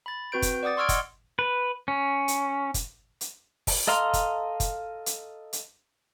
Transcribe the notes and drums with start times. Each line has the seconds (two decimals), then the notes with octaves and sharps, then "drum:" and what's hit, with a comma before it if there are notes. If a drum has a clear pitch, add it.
0.06 B5 A6
0.32 C4 F#4 B4 G6 D7
0.42 drum: kick, hi-hat
0.63 D5 F#5 D6 D#6 A6
0.77 C6 C#6 E6 F6 G#6 D7
0.89 D#5 F#5 C6, drum: kick, hi-hat
1.39 B4
1.88 C#4
2.28 drum: hi-hat
2.74 drum: kick, hi-hat
3.21 drum: hi-hat
3.67 drum: kick, open hi-hat
3.87 A4 D#5 F5 A#5 C6
4.13 drum: kick, hi-hat
4.60 drum: kick, hi-hat
5.06 drum: hi-hat
5.53 drum: hi-hat